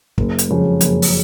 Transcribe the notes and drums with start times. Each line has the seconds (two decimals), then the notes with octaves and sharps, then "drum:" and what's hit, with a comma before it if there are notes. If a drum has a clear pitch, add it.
0.18 F#1, drum: kick
0.39 drum: hi-hat
0.49 F2 C#3 G#3
0.81 F#1, drum: hi-hat
1.02 drum: open hi-hat